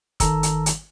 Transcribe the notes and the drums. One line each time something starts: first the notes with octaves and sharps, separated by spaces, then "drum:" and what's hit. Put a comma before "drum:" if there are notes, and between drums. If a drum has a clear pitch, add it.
G1 D#3 A4 A5 A#5 E6, drum: kick, hi-hat
drum: hi-hat
drum: hi-hat